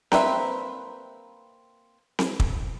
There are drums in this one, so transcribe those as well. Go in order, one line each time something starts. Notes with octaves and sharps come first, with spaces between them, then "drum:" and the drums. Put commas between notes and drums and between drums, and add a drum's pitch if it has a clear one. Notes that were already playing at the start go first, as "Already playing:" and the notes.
A#3 C4 B4 E5, drum: snare C4
drum: snare C4
drum: kick